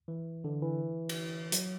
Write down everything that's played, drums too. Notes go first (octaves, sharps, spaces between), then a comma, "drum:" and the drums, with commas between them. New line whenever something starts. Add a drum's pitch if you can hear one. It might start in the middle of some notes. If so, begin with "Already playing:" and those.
E3
D3
E3
drum: cymbal
F#3, drum: hi-hat